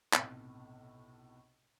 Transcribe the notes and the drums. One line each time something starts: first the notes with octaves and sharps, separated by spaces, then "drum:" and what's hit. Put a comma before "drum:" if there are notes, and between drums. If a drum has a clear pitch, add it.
B1 A2 C3, drum: clap